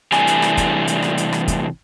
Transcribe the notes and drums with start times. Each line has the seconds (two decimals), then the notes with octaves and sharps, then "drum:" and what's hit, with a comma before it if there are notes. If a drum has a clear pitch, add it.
0.12 C3 E3 G3 A3 D4 G#5, drum: rim click
0.27 drum: hi-hat
0.42 drum: rim click
0.57 drum: kick, hi-hat
0.87 drum: hi-hat
1.02 drum: rim click
1.18 drum: hi-hat
1.33 drum: rim click
1.48 drum: kick, hi-hat